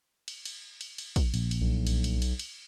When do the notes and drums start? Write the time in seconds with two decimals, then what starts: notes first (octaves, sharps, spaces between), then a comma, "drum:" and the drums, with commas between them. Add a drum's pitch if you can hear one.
0.28 drum: cymbal
0.45 drum: cymbal
0.81 drum: cymbal
0.98 drum: cymbal
1.16 drum: kick A#1, cymbal
1.34 A#1, drum: cymbal
1.51 drum: cymbal
1.61 B1
1.87 drum: cymbal
2.04 drum: cymbal
2.22 drum: cymbal
2.39 drum: cymbal